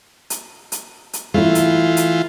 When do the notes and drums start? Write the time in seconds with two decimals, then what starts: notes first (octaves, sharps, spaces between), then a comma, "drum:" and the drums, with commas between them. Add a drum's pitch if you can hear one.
0.30 drum: hi-hat
0.72 drum: hi-hat
1.13 drum: hi-hat
1.34 E3 A3 E4 F4
1.55 drum: hi-hat
1.97 drum: hi-hat